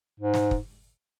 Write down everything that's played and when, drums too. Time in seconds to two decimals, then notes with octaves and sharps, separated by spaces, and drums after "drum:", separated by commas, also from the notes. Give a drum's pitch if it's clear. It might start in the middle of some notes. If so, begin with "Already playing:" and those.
0.20 G#2
0.34 drum: snare
0.51 drum: kick